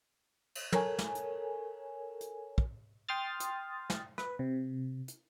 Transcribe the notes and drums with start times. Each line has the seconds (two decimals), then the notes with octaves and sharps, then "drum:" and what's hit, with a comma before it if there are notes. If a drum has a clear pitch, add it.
0.55 drum: cymbal
0.72 A4 A#4 C#5 G#5, drum: tom
0.99 drum: snare
1.15 drum: hi-hat
2.21 drum: hi-hat
2.58 drum: kick
3.08 G5 C6 D#6 F6 A6
3.40 drum: hi-hat
3.90 drum: snare
4.18 B4, drum: rim click
4.39 C3
5.08 drum: hi-hat